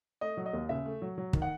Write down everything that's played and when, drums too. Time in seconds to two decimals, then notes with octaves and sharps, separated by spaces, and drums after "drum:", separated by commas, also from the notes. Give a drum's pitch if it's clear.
0.21 A3 D#5
0.37 F#3
0.46 D#5
0.53 D#2
0.69 C#3 E5
0.86 A3
1.02 F#3
1.18 F#3
1.33 D#3, drum: kick
1.42 F#5